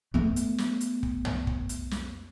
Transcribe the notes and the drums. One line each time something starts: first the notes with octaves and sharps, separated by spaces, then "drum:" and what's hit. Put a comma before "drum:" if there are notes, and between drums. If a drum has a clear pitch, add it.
A3 B3
drum: hi-hat
drum: snare
drum: hi-hat
drum: kick
drum: tom
drum: kick
drum: hi-hat
drum: snare